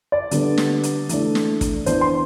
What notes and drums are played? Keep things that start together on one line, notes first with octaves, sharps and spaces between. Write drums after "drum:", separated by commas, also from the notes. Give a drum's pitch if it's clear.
D5
D3 G3 B3 D4, drum: hi-hat
drum: snare
drum: hi-hat
E3 A3 D4, drum: hi-hat
drum: snare
drum: kick, hi-hat
E3 B3 D4 C5, drum: hi-hat
C6